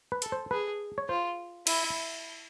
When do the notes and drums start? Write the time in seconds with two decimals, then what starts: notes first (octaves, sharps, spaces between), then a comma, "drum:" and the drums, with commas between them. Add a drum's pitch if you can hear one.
0.12 B4
0.22 A4, drum: hi-hat
0.32 C5
0.51 G#4 B4
0.98 C#5
1.09 F4 C5
1.67 E4, drum: cymbal